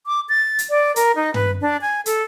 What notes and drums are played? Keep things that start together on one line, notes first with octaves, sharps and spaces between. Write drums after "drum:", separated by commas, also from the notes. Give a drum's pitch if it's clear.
D6
A6
drum: hi-hat
D5
A#4, drum: hi-hat
D#4
B4, drum: tom
D4
G#5
A4, drum: hi-hat